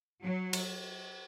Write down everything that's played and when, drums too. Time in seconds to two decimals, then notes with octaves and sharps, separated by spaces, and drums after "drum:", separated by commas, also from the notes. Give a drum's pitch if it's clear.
0.23 F#3
0.53 drum: cymbal